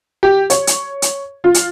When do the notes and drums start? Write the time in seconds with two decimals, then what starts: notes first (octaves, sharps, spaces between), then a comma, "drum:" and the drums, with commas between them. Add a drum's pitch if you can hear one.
0.23 G4
0.50 C#5, drum: hi-hat
0.67 drum: hi-hat
1.02 drum: hi-hat
1.44 F4
1.54 drum: hi-hat